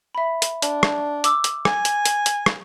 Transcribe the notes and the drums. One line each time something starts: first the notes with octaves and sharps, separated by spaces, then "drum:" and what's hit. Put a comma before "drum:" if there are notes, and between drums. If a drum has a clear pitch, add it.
E5 B5
drum: hi-hat
D4, drum: hi-hat
drum: rim click
D6 E6, drum: hi-hat
drum: hi-hat
G#5, drum: rim click
drum: hi-hat
drum: hi-hat
drum: hi-hat
drum: rim click